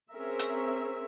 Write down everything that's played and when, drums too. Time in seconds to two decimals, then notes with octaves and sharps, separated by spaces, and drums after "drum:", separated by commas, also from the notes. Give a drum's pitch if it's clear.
0.12 C4 C#4 G#4 A#4 E5
0.39 drum: hi-hat